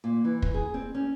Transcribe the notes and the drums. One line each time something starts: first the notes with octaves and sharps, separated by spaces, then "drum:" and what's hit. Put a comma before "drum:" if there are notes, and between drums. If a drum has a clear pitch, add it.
A#2
E3
drum: kick
G#4
C4
C#4